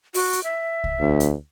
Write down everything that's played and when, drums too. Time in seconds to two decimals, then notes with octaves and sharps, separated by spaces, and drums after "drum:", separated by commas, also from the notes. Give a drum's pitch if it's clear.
0.14 F#4, drum: open hi-hat
0.33 drum: hi-hat
0.44 E5
0.84 drum: kick C2
1.00 D2
1.20 drum: hi-hat